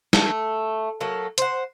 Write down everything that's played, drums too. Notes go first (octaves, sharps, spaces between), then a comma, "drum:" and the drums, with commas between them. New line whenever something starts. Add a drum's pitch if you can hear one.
A3, drum: snare
F#3 A3 A#3
C5 F#5, drum: hi-hat